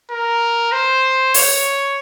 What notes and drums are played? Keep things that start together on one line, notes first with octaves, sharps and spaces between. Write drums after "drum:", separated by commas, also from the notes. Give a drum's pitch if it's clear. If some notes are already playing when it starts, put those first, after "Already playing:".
A#4
C5
C#5, drum: open hi-hat